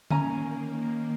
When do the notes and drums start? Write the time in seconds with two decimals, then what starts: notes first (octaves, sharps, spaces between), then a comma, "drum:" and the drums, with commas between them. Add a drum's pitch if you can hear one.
0.11 D#3 A#3 C#4 G#5 A#5, drum: tom D3